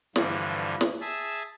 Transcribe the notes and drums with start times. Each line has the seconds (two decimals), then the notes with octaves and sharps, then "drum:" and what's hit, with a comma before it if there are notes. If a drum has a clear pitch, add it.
0.16 G2 D3 E3 F3, drum: snare
0.81 drum: snare
1.01 G#4 E5 A5